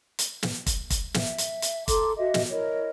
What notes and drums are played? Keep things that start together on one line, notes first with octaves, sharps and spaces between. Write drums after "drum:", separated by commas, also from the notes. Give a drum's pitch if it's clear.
drum: hi-hat
drum: snare
drum: kick, hi-hat
drum: kick, hi-hat
E5, drum: snare
drum: hi-hat
drum: hi-hat
A4 A#5 C6 D6, drum: kick, hi-hat
F#4 D#5 E5
drum: snare
E4 A#4 C#5 D#5